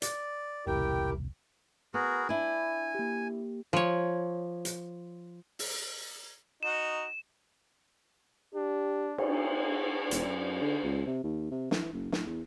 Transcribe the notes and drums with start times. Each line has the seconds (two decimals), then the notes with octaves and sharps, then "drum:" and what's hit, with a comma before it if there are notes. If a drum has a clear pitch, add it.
0.02 D5, drum: hi-hat
0.67 E1 C2 E4 G4 A#4 G5
1.94 B3 F#4 G#4 A#4
2.29 D4 E4 G#5
2.95 A#3 G4
3.73 F3 C#5
4.65 drum: hi-hat
5.59 drum: open hi-hat
6.63 D#4 F#4 E7
8.55 D4 G4
9.18 drum: cymbal
10.11 E1, drum: hi-hat
10.25 F#2
10.62 D3
10.84 C#2
11.07 C3
11.23 D#2
11.51 C3
11.71 E3, drum: snare
11.93 F#1
12.12 A2, drum: snare
12.26 E2